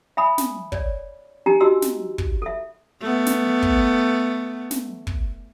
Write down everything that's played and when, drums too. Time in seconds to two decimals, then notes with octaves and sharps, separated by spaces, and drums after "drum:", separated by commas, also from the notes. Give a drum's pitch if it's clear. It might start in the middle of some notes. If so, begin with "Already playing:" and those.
0.17 E5 G#5 B5 D#6
0.38 drum: snare
0.72 C#5 D5, drum: kick
1.46 D4 D#4 G4 G#5 A#5
1.60 D#4 F#4 G4 D#5 C6 E6
1.82 drum: snare
2.18 drum: kick
2.42 A4 E5
3.01 A3 B3
3.26 drum: snare
3.62 drum: kick
4.71 drum: snare
5.07 drum: kick